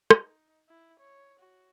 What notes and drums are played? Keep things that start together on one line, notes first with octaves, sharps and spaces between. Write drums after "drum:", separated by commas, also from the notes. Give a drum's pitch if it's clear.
D#4, drum: rim click
E4
C#5
F#4